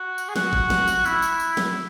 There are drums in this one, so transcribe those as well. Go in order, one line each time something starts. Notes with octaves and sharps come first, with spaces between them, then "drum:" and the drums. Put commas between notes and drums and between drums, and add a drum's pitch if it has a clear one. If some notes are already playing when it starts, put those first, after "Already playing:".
Already playing: F#4
drum: tambourine
G#4
F#4, drum: snare
drum: kick G1
drum: snare
drum: tambourine
E4, drum: tambourine
drum: tambourine
drum: tambourine
drum: snare